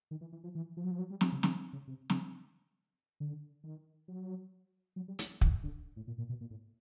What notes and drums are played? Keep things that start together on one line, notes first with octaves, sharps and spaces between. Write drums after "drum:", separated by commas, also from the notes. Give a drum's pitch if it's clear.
D#3
E3
E3
F3
E3
F3
F#3
F3
F#3
G3
F#3, drum: snare
C#3
D3, drum: snare
C#3
C3
C#3, drum: snare
D3
D#3
F#3
F#3
G3
G#3, drum: hi-hat
D#3, drum: kick
D3
A2
A#2
A#2
B2
A#2
A2